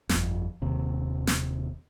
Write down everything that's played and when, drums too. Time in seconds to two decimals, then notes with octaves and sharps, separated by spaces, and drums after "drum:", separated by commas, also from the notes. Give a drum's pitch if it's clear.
0.09 G1 F2, drum: snare
0.62 D#1 D#2 C3
1.27 drum: snare